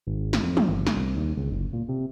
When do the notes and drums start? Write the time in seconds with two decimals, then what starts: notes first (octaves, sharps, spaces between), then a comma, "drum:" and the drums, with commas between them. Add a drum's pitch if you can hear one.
0.07 G#1
0.21 G#1
0.33 drum: snare
0.43 F2
0.57 drum: tom
0.69 G1
0.87 drum: snare
0.96 C2
1.16 D#2
1.37 C#2
1.51 F#1
1.73 A#2
1.89 C3